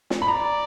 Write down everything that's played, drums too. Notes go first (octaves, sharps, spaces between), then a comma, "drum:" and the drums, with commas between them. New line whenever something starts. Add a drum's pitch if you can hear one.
drum: snare
B5
D5 A#5